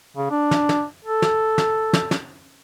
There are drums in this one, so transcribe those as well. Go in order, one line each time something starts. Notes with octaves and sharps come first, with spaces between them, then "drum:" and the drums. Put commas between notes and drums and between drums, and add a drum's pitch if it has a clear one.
C#3
D4
drum: snare
drum: snare
A4
drum: snare
drum: snare
drum: snare
drum: snare